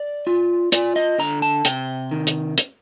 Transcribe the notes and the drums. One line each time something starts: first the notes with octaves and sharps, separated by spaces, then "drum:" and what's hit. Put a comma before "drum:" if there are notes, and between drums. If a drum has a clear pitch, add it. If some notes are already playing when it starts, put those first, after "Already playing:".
Already playing: D5
F4
F4 D5, drum: hi-hat
D#5
D3 A#5
A5
C3 G5, drum: hi-hat
D#3
drum: hi-hat
drum: hi-hat